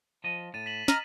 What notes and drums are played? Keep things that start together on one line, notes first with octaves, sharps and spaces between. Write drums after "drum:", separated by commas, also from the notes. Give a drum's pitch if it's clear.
F3 D#5
A2 A6 D#7
B6 E7 F#7
D#5 A#5 F6, drum: snare